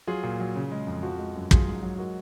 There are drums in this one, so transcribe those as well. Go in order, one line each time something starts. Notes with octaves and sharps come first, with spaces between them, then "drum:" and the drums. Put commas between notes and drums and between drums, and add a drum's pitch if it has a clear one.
F#3 F4 G#4
A#2
F#3
C#3
G#3
F2
F3 F#4
G#3
F#2
F#3 F4 G#4, drum: kick
G#2
F#3
G#3 F#4 A#4